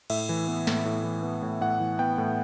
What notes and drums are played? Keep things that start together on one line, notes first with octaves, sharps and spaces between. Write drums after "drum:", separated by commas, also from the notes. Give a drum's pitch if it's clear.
A2 E5, drum: cymbal
E3
B3
A2, drum: snare
A2
E3
B3
A2
A2 F#5
E3
B3 G5
A2